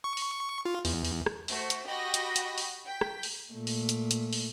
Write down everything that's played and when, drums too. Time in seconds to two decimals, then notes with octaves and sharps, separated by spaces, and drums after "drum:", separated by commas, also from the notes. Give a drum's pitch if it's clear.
0.04 C#6
0.17 drum: open hi-hat
0.65 F4
0.85 E2, drum: open hi-hat
1.05 drum: open hi-hat
1.26 drum: rim click
1.48 A3 F#4 C5, drum: open hi-hat
1.70 drum: hi-hat
1.87 F#4 G4 D#5 G5 B5 A#6
2.14 drum: hi-hat
2.36 drum: hi-hat
2.58 drum: open hi-hat
2.86 G5 B6
3.01 drum: rim click
3.23 drum: open hi-hat
3.53 A#2 A3
3.67 drum: open hi-hat
3.89 drum: hi-hat
4.11 drum: hi-hat
4.33 drum: open hi-hat